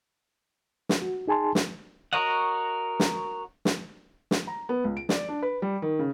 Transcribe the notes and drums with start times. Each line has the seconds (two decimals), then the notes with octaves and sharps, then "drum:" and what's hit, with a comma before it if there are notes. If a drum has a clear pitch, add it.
0.89 drum: snare
1.02 F#4
1.28 D#4 G#4 G#5 A5 C6
1.55 drum: snare
2.13 F#4 A#4 C#5 D#5 F#5
3.00 drum: snare
3.65 drum: snare
4.31 drum: snare
4.47 A#5
4.69 B3
4.85 C#2
4.97 D7
5.09 D5, drum: snare
5.29 D4
5.42 B4
5.62 G3
5.82 D#3
5.99 C#3